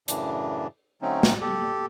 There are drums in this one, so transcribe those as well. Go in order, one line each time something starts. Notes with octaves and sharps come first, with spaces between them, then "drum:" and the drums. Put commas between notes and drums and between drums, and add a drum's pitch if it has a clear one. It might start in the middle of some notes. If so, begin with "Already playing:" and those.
F#2 A2 C#3 E3 D4, drum: hi-hat
D3 F#3 A3 C4 C#4 D#4
drum: snare
G4 A4